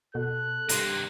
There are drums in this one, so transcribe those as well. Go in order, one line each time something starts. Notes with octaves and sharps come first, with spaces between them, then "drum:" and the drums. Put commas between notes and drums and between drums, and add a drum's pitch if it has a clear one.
B2 A4 F#6
G2 C3 A#3 C6 A#6, drum: hi-hat